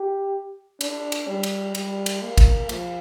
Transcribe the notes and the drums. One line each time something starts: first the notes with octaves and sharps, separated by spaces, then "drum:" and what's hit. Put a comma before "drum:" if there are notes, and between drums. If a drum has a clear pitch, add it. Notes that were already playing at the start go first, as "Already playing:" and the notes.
Already playing: G4
D4, drum: cymbal
drum: cymbal
G3
drum: cymbal
G3, drum: cymbal
drum: cymbal
A#3
drum: kick G#1, cymbal
F3, drum: cymbal